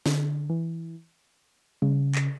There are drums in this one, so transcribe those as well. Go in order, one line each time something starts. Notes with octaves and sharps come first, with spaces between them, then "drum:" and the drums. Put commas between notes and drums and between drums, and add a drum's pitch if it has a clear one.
D3, drum: snare
E3
C#3, drum: tom G3
drum: clap